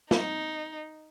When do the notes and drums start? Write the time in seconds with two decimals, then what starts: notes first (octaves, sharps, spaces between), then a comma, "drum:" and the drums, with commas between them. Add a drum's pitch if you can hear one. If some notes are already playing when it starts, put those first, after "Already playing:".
0.11 D#4, drum: snare